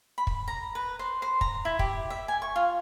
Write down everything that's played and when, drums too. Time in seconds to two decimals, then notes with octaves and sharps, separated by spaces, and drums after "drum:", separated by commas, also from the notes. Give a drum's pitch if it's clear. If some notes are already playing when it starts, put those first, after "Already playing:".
0.18 B5
0.27 drum: kick
0.48 A#5
0.75 B4
0.99 C5
1.22 C5
1.41 A#5, drum: kick
1.65 E4
1.79 G4, drum: kick
2.10 E5
2.28 G#5
2.42 C#6
2.56 F4